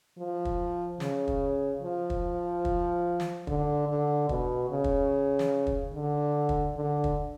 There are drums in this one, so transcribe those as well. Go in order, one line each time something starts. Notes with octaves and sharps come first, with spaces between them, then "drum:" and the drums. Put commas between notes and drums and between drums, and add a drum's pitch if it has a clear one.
F3
drum: kick
C#3, drum: snare
drum: kick
F3
drum: kick
drum: kick
drum: snare
D3, drum: kick
D3
B2, drum: kick
C#3
drum: kick
drum: snare
drum: kick
D3
drum: kick
D3
drum: kick